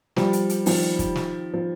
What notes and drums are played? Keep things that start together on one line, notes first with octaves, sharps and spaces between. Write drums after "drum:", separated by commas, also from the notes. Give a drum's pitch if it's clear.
F3 G3, drum: snare
drum: hi-hat
drum: hi-hat
D#3 F3, drum: open hi-hat
drum: kick, hi-hat
drum: snare
F3